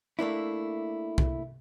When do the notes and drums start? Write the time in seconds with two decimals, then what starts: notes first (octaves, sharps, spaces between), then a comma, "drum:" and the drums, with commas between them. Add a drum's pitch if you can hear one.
0.19 A3 A#3 D4 E4
1.18 drum: kick